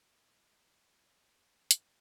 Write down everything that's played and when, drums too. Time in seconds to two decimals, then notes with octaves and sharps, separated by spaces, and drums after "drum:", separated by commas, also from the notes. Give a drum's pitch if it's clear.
0.22 D#5
0.27 E3 C4 E4 E5
1.71 D#5, drum: hi-hat
1.80 C#5